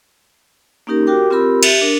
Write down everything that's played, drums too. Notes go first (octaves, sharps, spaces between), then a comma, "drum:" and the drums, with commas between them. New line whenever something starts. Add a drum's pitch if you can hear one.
A#3 C#4 D#4 G4 A#4
F#4 G4 A#4 G5 D6
C4 F4 G4 A#4 B5 E6
G4 E5, drum: cymbal
D4 A#4